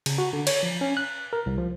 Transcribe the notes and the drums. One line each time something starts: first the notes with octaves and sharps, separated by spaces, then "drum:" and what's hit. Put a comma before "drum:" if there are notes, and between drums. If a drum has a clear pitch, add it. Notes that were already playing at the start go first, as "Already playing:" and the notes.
C#3, drum: cymbal
F#4
D3
C#5, drum: cymbal
F3
C#4
F#6
A#4
C2
F3